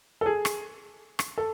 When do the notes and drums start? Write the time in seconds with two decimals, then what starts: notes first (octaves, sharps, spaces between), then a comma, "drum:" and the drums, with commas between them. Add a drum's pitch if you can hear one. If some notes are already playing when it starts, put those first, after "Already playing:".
0.21 A4
0.26 G#4
0.45 drum: rim click
1.19 drum: rim click
1.38 A4